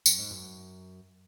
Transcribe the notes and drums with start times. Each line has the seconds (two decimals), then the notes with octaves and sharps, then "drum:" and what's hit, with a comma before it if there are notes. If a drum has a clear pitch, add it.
0.06 F#2, drum: tambourine
0.19 G#2
0.31 F#2